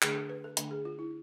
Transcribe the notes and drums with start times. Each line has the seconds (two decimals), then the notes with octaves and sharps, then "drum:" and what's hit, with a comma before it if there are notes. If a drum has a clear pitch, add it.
0.02 D3 A3 D4 G#4, drum: clap
0.16 A4
0.29 B4
0.44 A4
0.57 D3 A3 D4 A4, drum: hi-hat
0.71 G#4
0.85 F4
0.99 E4